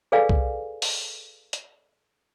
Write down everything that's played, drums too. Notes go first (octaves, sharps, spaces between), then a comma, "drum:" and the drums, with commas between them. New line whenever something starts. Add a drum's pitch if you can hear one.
G#4 A4 B4 D5 F5 G#5
drum: kick
drum: open hi-hat
drum: hi-hat